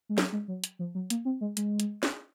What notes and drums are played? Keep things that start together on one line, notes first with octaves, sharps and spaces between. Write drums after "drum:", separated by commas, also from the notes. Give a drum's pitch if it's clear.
G#3
F#3, drum: snare
G#3
F#3
drum: hi-hat
F3
F#3
A#3, drum: hi-hat
C4
G#3
G#3, drum: hi-hat
drum: hi-hat
drum: snare